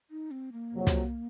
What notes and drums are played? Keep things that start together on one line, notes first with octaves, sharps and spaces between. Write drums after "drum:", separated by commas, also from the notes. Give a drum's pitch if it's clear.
D#4
C4
A#3
F2 C3 F#3
drum: kick, hi-hat